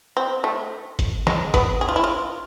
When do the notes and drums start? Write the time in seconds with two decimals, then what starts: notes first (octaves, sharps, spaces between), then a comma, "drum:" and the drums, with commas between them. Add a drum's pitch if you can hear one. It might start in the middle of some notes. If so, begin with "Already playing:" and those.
0.17 C4
0.44 A3
0.99 drum: kick, hi-hat
1.27 G#3, drum: snare
1.54 B3, drum: kick, hi-hat
1.81 G#4
1.89 F4
1.96 E4
2.04 F4